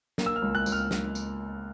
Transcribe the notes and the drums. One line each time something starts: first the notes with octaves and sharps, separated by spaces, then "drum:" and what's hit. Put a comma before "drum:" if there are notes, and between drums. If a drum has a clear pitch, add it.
A#3, drum: snare
E6
F6
C#2
F#6
C#2, drum: tambourine
F6
drum: snare
drum: tambourine